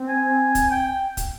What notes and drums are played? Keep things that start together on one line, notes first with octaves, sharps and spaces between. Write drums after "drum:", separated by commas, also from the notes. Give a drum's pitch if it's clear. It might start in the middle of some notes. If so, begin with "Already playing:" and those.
Already playing: C4
G#5
drum: kick, hi-hat
G5
drum: kick, hi-hat